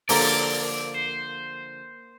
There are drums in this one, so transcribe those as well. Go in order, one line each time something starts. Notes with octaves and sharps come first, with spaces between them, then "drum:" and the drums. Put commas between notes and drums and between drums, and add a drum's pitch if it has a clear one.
D3 F3 A#3 D5, drum: open hi-hat
C5